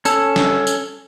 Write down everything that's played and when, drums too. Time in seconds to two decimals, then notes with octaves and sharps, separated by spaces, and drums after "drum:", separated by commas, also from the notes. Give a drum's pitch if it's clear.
0.05 C#4 A4, drum: tambourine
0.36 drum: snare
0.67 drum: tambourine